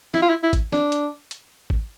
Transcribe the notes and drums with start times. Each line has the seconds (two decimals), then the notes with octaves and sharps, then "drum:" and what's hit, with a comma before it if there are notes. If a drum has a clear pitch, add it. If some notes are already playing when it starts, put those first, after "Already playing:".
0.14 E4, drum: snare
0.22 F4
0.29 E4
0.43 E4
0.53 drum: kick G#1, hi-hat
0.72 D4, drum: snare
0.92 drum: hi-hat
1.31 drum: hi-hat
1.70 drum: kick G#1